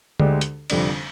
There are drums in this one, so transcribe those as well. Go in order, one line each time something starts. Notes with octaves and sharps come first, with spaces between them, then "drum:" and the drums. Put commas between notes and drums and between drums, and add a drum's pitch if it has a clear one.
D2 D3 G#3 D4 G4, drum: tom D3
drum: hi-hat
F1 F2 D3 G3 D4, drum: cymbal